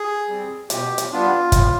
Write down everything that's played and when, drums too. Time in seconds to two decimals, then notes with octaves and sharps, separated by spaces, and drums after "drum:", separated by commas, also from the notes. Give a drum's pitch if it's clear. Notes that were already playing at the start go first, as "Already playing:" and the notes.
Already playing: G#4
0.29 G3 C4
0.70 B2 G4, drum: hi-hat
0.98 drum: hi-hat
1.12 G3 B3 D4 F4
1.52 A2, drum: kick, hi-hat